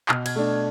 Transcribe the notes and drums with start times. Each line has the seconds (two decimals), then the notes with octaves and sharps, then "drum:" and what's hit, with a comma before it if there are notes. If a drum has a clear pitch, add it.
0.09 B2 F6, drum: clap
0.26 G#6, drum: cymbal
0.36 A3 D4